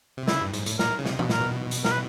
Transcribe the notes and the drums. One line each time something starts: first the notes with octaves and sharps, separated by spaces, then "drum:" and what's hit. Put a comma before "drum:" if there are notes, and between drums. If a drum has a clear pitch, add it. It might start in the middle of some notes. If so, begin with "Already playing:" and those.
C3
C#3 E4, drum: snare
G2
G#2, drum: hi-hat
A2, drum: hi-hat
A#2 A#4, drum: snare
C#3
C3, drum: snare
B2, drum: tom E3
A#2 A#4, drum: snare
B2
drum: hi-hat
A#4, drum: snare
B4